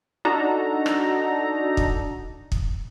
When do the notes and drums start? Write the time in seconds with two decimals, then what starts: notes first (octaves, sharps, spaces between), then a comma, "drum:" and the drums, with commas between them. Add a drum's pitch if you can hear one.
0.25 D4 D#4 F#4 A4 A#5
0.86 drum: rim click
1.77 drum: kick
2.52 drum: kick